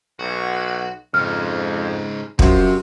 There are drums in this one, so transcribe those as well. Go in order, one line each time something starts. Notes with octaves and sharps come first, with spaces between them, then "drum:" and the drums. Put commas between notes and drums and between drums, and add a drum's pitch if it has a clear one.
B1 F#4
F2 G#2 C#3 F6
F#2 C3 F3, drum: kick